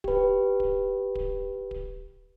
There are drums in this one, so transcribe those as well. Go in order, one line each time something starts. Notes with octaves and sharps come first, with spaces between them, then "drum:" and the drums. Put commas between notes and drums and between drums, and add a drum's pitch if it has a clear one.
G4 B4, drum: kick D1
drum: kick D1
drum: kick D1
drum: kick D1